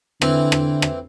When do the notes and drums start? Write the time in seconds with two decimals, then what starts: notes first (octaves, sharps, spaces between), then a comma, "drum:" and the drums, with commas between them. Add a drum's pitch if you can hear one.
0.22 D3 E3 C4, drum: rim click
0.52 drum: rim click
0.82 drum: rim click